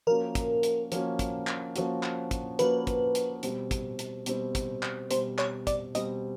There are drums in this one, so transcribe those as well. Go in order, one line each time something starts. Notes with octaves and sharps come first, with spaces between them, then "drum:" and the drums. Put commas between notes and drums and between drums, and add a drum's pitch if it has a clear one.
F3 A#3 C#4 F#4 A#4
drum: kick, hi-hat
drum: hi-hat
F3 A#3 C#4 F#4, drum: hi-hat
drum: kick, hi-hat
drum: clap
F3 A#3 C#4 F#4, drum: hi-hat
drum: clap
drum: kick, hi-hat
F3 A#3 C#4 F#4 B4, drum: hi-hat
drum: kick, hi-hat
drum: hi-hat
B2 G3 C4, drum: hi-hat
drum: kick, hi-hat
drum: hi-hat
B2 G3 C4, drum: hi-hat
drum: kick, hi-hat
drum: clap
B2 G3 C4 C5, drum: hi-hat
C#5, drum: clap
D5, drum: kick, hi-hat
B2 G3 C4 D#5, drum: hi-hat